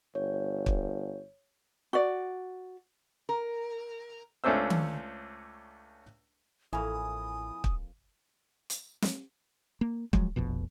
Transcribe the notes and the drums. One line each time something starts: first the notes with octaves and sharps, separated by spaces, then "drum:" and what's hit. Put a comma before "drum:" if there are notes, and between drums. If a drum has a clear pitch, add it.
G1 C#5
drum: kick
F#4 D5
A#4
C#2 A3 C#4 D4 C5 E6
drum: tom D#3
A1 F2 A#3 E4 G#5 B5 D#6
drum: kick
drum: hi-hat
drum: snare
A#3
F3 F#3 G#3, drum: kick
F1 A#1 F2 B2